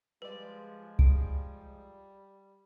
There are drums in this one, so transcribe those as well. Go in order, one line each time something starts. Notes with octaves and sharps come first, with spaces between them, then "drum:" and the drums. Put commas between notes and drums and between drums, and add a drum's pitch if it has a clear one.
F3 G3 G#3 F4 B4 D5
G3 D#4 G#4 D7, drum: kick C2